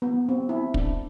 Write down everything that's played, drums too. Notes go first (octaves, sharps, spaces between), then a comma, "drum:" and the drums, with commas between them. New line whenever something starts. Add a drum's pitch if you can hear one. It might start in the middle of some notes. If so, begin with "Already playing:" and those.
B3
C4
E4
D4, drum: kick